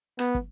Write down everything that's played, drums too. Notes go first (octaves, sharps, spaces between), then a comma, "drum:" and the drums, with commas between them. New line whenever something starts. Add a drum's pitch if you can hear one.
B3, drum: rim click
drum: kick